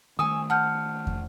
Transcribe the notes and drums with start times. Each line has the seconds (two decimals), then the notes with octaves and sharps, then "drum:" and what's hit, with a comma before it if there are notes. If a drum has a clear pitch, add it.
0.19 D#3 A3 G#5 C#6 D#6 E6
0.50 F#5 A5 F6 G6
1.07 drum: kick